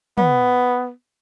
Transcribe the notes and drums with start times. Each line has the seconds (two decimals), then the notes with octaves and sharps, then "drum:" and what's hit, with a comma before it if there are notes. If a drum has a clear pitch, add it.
0.18 B3, drum: tom